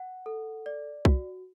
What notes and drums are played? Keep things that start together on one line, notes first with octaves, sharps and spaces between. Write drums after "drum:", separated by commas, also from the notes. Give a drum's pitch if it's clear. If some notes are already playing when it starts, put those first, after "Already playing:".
Already playing: F#5
A4
D5
F#4, drum: kick C2